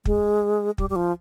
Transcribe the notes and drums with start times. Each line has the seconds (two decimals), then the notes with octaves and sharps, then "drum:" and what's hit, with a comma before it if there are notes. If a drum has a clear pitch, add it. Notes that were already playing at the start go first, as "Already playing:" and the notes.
0.05 G#3, drum: kick
0.78 G3, drum: kick
0.90 G3
0.96 F3